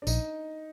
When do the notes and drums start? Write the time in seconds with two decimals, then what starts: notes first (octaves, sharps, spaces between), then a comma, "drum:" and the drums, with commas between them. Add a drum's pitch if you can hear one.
0.02 D4
0.07 A#1 D#4, drum: tambourine